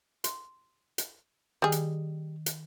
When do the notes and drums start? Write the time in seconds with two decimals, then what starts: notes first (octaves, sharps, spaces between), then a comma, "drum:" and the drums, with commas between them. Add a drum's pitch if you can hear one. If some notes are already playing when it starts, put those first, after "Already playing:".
0.24 C6, drum: hi-hat
0.98 drum: hi-hat
1.62 D#3 G3 G#4
1.72 drum: hi-hat
2.46 drum: hi-hat